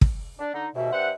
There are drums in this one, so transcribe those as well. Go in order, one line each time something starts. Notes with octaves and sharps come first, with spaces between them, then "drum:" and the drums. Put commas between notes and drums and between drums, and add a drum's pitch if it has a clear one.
drum: kick
D4
D3 D#4
D#2 G#2 B2 E5
G2 C5 F#5